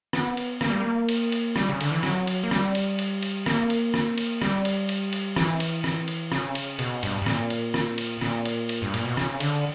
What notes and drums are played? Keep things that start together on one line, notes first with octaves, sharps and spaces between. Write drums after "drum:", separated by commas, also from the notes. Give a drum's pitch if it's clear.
B3, drum: rim click
drum: cymbal
A#3, drum: rim click
G3
A#3
drum: cymbal
drum: cymbal
G3, drum: rim click
C#3
D3, drum: cymbal
E3
F#3, drum: rim click
drum: cymbal
A#3
G3, drum: rim click
drum: cymbal
drum: cymbal
drum: cymbal
A#3, drum: rim click
drum: cymbal
drum: rim click
drum: cymbal
G3, drum: rim click
drum: cymbal
drum: cymbal
drum: cymbal
E3, drum: rim click
drum: cymbal
drum: rim click
drum: cymbal
C#3, drum: rim click
drum: cymbal
B2, drum: cymbal
G2, drum: cymbal
G2
A#2, drum: rim click
drum: cymbal
drum: rim click
drum: cymbal
A#2, drum: rim click
drum: cymbal
drum: cymbal
G2
A#2, drum: cymbal
B2
C#3, drum: rim click
D3, drum: cymbal